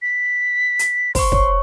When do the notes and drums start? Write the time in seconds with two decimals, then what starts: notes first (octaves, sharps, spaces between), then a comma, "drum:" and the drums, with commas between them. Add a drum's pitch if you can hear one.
0.02 B6
0.79 drum: hi-hat
1.15 C5 C6 C#6, drum: kick, open hi-hat
1.32 C#5 C#6, drum: kick